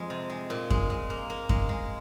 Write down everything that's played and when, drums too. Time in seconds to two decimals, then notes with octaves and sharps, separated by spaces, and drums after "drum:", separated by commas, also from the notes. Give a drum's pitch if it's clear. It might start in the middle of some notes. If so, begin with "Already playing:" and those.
Already playing: F2 F3 G#3
0.10 C3
0.30 G#3
0.50 A#2
0.70 G#3, drum: kick F#2
0.90 G#3
1.10 A#3
1.30 A#3
1.49 G#3, drum: kick F#2
1.69 G#3